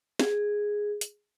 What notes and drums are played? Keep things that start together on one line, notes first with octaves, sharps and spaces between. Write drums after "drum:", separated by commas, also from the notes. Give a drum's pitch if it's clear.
G#4, drum: snare
drum: hi-hat